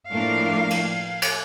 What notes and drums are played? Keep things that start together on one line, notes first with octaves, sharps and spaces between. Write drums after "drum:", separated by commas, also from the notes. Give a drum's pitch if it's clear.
A2 F3 A#3 D4 F5
drum: cymbal
drum: cymbal